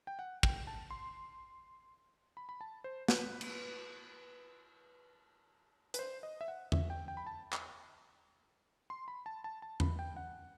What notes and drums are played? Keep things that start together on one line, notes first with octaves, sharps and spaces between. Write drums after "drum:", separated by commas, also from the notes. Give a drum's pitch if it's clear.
G5
F#5
G5, drum: kick
A5
C6
B5
B5
A5
C5
B4, drum: snare
drum: cymbal
B4, drum: hi-hat
C5
D#5
E5
F#5
E5, drum: tom E2
G5
G5
B5
A5
drum: clap
C6
B5
A5
A5
A5
B5, drum: tom E2
G5
F#5